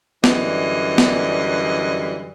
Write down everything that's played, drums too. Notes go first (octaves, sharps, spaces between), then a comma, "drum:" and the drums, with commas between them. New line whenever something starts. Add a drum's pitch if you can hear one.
F#2 D3 E3 G3 D#5, drum: snare
drum: snare